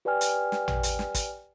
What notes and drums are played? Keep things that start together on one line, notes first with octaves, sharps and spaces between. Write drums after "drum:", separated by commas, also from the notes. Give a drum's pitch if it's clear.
G4 B4 D5 G5 G#5 F6
drum: hi-hat
drum: snare
drum: tom A1
drum: hi-hat
drum: snare
drum: kick, hi-hat